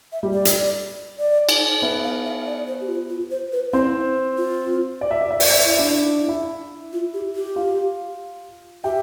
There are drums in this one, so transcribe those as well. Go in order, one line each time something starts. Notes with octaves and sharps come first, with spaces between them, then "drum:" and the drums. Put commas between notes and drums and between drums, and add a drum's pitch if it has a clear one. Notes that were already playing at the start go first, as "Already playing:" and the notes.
E5
G3 G4
D5
drum: hi-hat
D5
drum: cymbal
B3 B4 E5
F5
E5
D5
C5
G4
F4
F4
C5
B4
C4 E4 C5
F4
D5
E5
D5
E5
D5, drum: open hi-hat
E5
D5
E4 E5
D4 D5
E4 E5
F4
G4
G4
F4 F5
G4 E5 G5